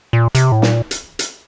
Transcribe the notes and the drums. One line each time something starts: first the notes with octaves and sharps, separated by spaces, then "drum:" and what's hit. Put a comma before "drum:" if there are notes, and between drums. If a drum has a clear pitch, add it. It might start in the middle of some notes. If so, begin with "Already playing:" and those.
A#2
C3, drum: hi-hat
A2
A#2, drum: snare
drum: hi-hat
drum: hi-hat